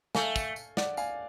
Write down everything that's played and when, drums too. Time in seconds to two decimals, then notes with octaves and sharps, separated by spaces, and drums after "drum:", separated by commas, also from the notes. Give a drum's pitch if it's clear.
0.15 A3 F5 G#5, drum: snare
0.36 drum: kick, tambourine
0.56 drum: tambourine
0.77 D5 F#5, drum: snare
0.97 F5 G#5, drum: tambourine